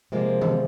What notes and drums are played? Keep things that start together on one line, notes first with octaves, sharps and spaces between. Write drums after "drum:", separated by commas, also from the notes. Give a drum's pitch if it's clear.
C3 F3 G#3 A#3
drum: tom D#3